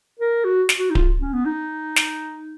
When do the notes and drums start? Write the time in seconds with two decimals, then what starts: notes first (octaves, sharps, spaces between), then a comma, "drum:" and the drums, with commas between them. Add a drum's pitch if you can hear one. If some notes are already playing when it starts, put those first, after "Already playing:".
0.19 A#4
0.45 F#4
0.69 drum: snare
0.78 F#4
0.90 D#4
0.95 F4, drum: kick D1
1.21 C#4
1.33 B3
1.45 D#4
1.96 drum: snare